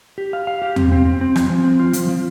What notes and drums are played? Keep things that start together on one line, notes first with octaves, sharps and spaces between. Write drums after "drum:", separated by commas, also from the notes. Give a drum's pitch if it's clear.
G4
F5
F5
G4
C4, drum: tom E2
C4
C4
C4
F3, drum: rim click
F3
C4
F4
F3, drum: hi-hat
F3